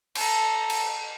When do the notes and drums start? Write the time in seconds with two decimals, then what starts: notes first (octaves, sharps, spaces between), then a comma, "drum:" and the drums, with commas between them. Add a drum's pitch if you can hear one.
0.15 A4 A#5, drum: cymbal
0.70 drum: cymbal